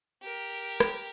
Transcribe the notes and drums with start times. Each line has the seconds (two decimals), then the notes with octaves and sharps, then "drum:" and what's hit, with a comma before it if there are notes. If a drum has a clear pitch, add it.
0.22 G4 A#4
0.80 drum: rim click